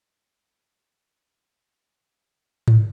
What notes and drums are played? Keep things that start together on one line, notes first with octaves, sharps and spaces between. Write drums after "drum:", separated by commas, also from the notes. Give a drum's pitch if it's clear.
A4 C#5 G#5
drum: tom G#2